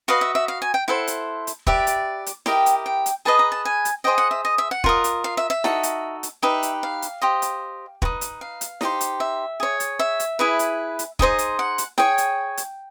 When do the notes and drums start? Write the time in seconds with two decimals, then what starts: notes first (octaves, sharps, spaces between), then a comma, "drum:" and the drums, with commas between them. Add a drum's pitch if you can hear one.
0.08 F#4 B4 D#5 F5
0.21 E5
0.35 E5
0.48 F5
0.62 G#5
0.74 G5
0.88 E4 A4 C5 F#5
1.07 drum: hi-hat
1.47 drum: hi-hat
1.67 G4 B4 D5 E5, drum: kick
1.87 drum: hi-hat
2.26 drum: hi-hat
2.46 E4 G4 A#4 D#5 G5, drum: snare
2.66 drum: hi-hat
2.86 G5
3.06 drum: hi-hat
3.25 G#4 B4 D#5 A5
3.39 A#5
3.52 A5
3.65 G#5
3.85 drum: hi-hat
4.04 G#4 C5 D#5 G5
4.18 F#5
4.31 E5
4.45 D#5
4.58 E5
4.71 F#5
4.84 F4 A#4 D#5, drum: kick
5.04 drum: hi-hat
5.24 F5
5.37 E5
5.50 E5
5.64 D#4 F#4 A4, drum: snare
5.83 drum: hi-hat
6.23 drum: hi-hat
6.42 D#4 G4 B4 E5
6.63 drum: hi-hat
6.83 F5
7.02 drum: hi-hat
7.22 G4 C5 D#5
7.42 drum: hi-hat
8.02 D#4 F#4 B4, drum: kick
8.21 drum: hi-hat
8.41 F5
8.61 drum: hi-hat
8.81 D#4 G4 C5, drum: snare
9.01 drum: hi-hat
9.20 E5
9.60 G#4 C#5
9.80 drum: hi-hat
9.99 E5
10.20 drum: hi-hat
10.39 E4 G#4 B4
10.59 drum: hi-hat
10.99 drum: hi-hat
11.19 D#4 G#4 C5 D#5, drum: kick
11.39 drum: hi-hat
11.59 F#5
11.78 drum: hi-hat
11.98 G#4 C#5 G5, drum: snare
12.18 drum: hi-hat
12.57 drum: hi-hat